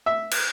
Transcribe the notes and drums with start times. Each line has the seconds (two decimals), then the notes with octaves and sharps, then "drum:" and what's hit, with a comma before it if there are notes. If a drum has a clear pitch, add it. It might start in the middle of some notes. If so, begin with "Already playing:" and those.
0.06 E5
0.31 drum: cymbal